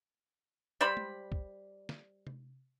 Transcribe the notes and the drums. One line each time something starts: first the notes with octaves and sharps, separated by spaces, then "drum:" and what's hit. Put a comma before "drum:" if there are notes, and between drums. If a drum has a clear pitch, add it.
G3 C5 D5 B5
drum: tom
drum: kick
drum: snare
drum: tom C3